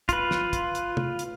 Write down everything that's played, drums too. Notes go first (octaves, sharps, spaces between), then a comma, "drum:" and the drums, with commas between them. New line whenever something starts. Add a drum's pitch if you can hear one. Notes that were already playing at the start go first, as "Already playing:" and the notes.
F4 B4, drum: kick, hi-hat
drum: snare
drum: kick, hi-hat
drum: hi-hat
drum: tom
drum: hi-hat